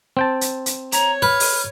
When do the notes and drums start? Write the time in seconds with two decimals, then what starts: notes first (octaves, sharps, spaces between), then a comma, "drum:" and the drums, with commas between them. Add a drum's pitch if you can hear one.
0.17 C4 G5 A5
0.41 drum: hi-hat
0.66 drum: hi-hat
0.92 C#5 A#5, drum: hi-hat
1.22 B4 F6
1.40 drum: open hi-hat